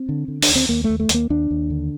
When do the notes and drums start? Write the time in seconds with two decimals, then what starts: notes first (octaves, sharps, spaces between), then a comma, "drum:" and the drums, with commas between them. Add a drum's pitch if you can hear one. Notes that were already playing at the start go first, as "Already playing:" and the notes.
Already playing: C4
0.09 D3
0.28 D3
0.42 D4, drum: open hi-hat
0.48 D#2
0.55 C4
0.69 D#2 A#3
0.84 A3
0.89 D#2
1.00 A3
1.09 D#2, drum: hi-hat
1.14 A#3
1.30 D#2 D4
1.51 D#2
1.70 D3